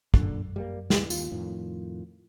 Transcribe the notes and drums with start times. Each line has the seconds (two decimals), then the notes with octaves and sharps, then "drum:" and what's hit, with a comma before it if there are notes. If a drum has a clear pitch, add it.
0.14 F#2 A#2 D3, drum: kick
0.56 G3 G#3 A#3
0.90 C#2 E3, drum: snare
1.10 D#2 F4, drum: tambourine
1.31 F2 A2 D#3